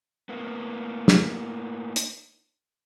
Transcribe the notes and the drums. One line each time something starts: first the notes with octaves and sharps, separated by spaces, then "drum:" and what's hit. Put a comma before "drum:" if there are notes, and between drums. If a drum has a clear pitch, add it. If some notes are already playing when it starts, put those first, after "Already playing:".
A2 A#3 B3
drum: snare
drum: hi-hat